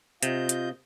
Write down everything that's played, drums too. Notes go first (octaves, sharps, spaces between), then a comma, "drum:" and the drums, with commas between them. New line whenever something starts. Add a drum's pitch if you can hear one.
C3 F4 D#5 G6, drum: hi-hat
drum: hi-hat